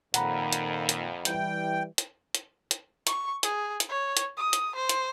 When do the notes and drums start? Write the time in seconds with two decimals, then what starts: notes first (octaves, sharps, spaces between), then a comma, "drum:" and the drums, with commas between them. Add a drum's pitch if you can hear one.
0.14 F2 A#2 D#3 F#5 A#5 B5, drum: hi-hat
0.52 drum: hi-hat
0.89 drum: hi-hat
1.25 E3 G3 G5, drum: hi-hat
1.98 drum: hi-hat
2.35 drum: hi-hat
2.71 drum: hi-hat
3.07 C#6, drum: hi-hat
3.43 G#4, drum: hi-hat
3.80 drum: hi-hat
3.89 C#5
4.17 drum: hi-hat
4.37 D#6
4.53 drum: hi-hat
4.75 C5
4.89 drum: hi-hat